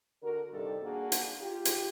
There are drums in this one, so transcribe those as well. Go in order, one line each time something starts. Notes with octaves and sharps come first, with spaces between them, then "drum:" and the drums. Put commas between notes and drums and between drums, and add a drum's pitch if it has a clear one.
D3 F#4 A#4
G2 C3 D#3 G3 A4
A#3 D4 F#4 G#4
drum: hi-hat
F4 G4
drum: hi-hat